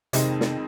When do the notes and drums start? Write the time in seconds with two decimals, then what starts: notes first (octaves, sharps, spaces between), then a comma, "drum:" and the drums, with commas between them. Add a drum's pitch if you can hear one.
0.13 F2 C3 D#3 G#3 C4 D#4, drum: hi-hat
0.41 drum: snare